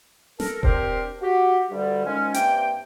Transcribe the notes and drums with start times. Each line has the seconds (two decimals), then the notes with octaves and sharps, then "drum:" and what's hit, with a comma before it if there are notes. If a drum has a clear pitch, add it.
0.40 A4 A#4, drum: snare
0.63 C4 D4 G4 A#4 C5, drum: kick E1
1.22 F#4 G4
1.71 D2 G2 D3 G3
2.05 D#3 F3 G#3 C#4
2.34 G2 C3 A#3 G5, drum: hi-hat